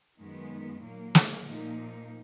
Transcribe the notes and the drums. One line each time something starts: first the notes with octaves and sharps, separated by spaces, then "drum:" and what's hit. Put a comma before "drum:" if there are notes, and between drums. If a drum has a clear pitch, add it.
F#2 D#3 G#3 B3
A#2 F#3 A#3
drum: snare
A#2 F3 A#3 D#4